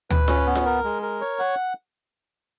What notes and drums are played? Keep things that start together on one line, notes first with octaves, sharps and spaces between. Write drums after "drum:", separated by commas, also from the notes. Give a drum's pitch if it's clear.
B4, drum: tom D2
C#4, drum: snare F4
B3
drum: snare F4
A#4
G#3
A#4
C#5
F#5